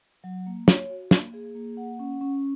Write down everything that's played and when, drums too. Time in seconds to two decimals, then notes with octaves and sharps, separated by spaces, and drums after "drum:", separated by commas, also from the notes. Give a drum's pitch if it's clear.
0.24 F#3
0.46 A#3
0.68 C#5, drum: snare
0.90 F#4
1.11 A#3, drum: snare
1.34 G#4
1.55 A#3
1.77 F#5
1.99 C#4
2.21 C#4